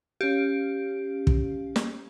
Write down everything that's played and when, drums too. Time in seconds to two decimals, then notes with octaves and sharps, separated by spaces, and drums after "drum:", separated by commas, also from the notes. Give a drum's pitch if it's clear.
0.21 C#4 G4 F5
1.27 drum: kick
1.76 drum: snare